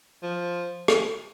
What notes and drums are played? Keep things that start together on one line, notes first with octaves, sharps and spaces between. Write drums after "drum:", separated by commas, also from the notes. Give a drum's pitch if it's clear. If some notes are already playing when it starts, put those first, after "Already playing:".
F3
drum: rim click